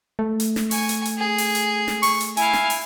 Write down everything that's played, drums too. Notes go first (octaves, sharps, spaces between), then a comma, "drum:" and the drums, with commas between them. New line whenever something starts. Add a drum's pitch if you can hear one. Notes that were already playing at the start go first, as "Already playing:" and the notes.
A3
drum: hi-hat
drum: snare
G#5 C#6, drum: open hi-hat
drum: hi-hat
drum: hi-hat
G#4
drum: open hi-hat
drum: hi-hat
drum: snare
C#6, drum: open hi-hat
drum: hi-hat
E4 F5 G#5, drum: hi-hat
drum: snare
drum: open hi-hat